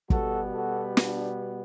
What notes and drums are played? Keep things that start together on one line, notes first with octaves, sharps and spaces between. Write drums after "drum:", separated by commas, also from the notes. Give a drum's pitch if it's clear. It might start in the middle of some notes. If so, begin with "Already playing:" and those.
B2 G3 B3 F#4 A4, drum: kick
F#4 A4
D4, drum: snare